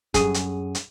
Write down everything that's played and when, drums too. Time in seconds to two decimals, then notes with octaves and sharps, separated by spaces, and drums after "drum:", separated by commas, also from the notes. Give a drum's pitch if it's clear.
0.14 F#2 G#4, drum: kick, hi-hat
0.34 drum: hi-hat
0.75 drum: hi-hat